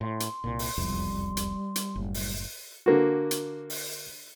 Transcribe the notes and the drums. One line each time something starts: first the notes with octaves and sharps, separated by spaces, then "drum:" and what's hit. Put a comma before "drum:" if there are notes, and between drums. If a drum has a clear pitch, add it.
A2 C6
drum: hi-hat
C2 A#2
drum: open hi-hat
E1 C2 F2 G3
drum: hi-hat
drum: hi-hat
F#1 A2
drum: open hi-hat
D3 A#3 F#4
drum: hi-hat
drum: open hi-hat